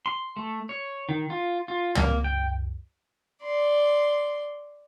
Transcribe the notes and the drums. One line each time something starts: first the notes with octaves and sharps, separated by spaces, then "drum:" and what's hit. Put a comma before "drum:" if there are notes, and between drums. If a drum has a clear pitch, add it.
C6
A3
C#5
D#3
F4
F4
A#3, drum: tom
G5
D5 C6